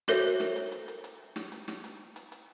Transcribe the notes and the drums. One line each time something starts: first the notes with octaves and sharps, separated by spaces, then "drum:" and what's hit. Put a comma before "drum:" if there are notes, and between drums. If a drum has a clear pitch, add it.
F#4 A4 A#4 C5 C#5 E5, drum: snare
drum: hi-hat
drum: snare
drum: hi-hat
drum: hi-hat
drum: hi-hat
drum: hi-hat
drum: snare
drum: hi-hat
drum: snare
drum: hi-hat
drum: hi-hat
drum: hi-hat